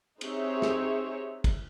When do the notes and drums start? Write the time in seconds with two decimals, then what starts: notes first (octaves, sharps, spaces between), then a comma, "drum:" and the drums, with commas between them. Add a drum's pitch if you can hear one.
0.21 C4 D#4 G4 G#4 C#5 E5, drum: cymbal
0.62 drum: snare
1.44 drum: kick, cymbal